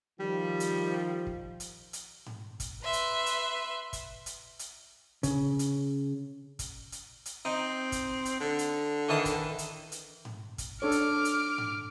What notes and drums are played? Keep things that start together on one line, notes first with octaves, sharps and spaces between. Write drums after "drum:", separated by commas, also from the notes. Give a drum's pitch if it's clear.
D#3 F3 G3
drum: hi-hat
drum: kick
drum: hi-hat
drum: hi-hat
drum: tom G#2
drum: kick, hi-hat
B4 E5 C6
drum: hi-hat
drum: hi-hat
drum: kick, hi-hat
drum: hi-hat
drum: hi-hat
C#3, drum: kick, hi-hat
drum: hi-hat
drum: kick, hi-hat
drum: hi-hat
drum: hi-hat
C4 D#4
drum: kick, hi-hat
drum: hi-hat
D3
drum: hi-hat
D#3 E3 A5
drum: kick, hi-hat
drum: hi-hat
drum: hi-hat
drum: tom G#2
drum: kick, hi-hat
D4 A4 C#5 D6 F6
drum: hi-hat
drum: hi-hat
drum: tom G#2